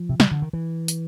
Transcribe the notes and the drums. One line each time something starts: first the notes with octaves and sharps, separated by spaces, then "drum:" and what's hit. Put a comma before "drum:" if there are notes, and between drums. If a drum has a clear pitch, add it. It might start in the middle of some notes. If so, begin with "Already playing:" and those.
Already playing: F3
C3
C#3, drum: snare
D3
D#3
E3
drum: hi-hat